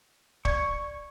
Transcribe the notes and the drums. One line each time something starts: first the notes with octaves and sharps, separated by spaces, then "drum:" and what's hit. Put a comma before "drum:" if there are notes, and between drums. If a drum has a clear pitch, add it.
D5 C#6 G#6, drum: kick C#1